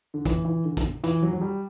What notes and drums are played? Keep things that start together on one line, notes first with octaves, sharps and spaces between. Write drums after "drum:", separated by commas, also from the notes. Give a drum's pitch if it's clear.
D3
E3, drum: kick, hi-hat
E3
D3
drum: kick, hi-hat
E3, drum: hi-hat
F#3
F#3
G3